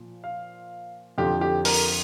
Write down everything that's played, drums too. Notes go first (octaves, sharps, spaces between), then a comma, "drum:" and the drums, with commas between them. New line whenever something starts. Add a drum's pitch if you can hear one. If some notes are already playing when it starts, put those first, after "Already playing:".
Already playing: A#2 F3
F5
F2 D3 F3 G4
G4
A#4, drum: open hi-hat